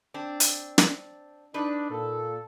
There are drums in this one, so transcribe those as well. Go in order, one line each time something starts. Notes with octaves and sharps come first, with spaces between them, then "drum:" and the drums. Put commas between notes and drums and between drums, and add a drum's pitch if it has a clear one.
C4 D4
drum: hi-hat
drum: snare
D4 D#4 B4
A#2 A4